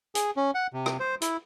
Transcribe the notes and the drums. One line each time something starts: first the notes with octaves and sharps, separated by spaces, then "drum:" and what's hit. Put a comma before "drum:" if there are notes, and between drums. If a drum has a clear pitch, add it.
G#4, drum: hi-hat
C#4
F#5
C3
drum: rim click
C5
E4, drum: hi-hat